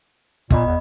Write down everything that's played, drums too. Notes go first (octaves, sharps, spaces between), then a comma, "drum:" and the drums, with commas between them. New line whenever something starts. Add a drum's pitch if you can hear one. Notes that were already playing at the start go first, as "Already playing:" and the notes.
A#2 B3 D#5 B5, drum: kick
E2